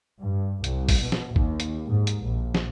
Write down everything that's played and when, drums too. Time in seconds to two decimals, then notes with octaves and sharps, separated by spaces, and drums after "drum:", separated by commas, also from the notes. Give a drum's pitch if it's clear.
0.21 G2
0.64 C2, drum: hi-hat
0.89 drum: kick A1, open hi-hat
1.03 B2
1.12 drum: snare
1.36 D#2, drum: kick A1
1.60 drum: hi-hat
1.89 G#2
2.07 drum: hi-hat
2.25 A#1
2.55 drum: snare